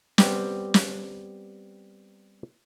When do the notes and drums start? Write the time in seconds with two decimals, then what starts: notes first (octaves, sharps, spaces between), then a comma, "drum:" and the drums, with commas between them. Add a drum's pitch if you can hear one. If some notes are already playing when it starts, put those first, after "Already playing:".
0.18 G3 B3 C4 G4, drum: snare
0.74 drum: snare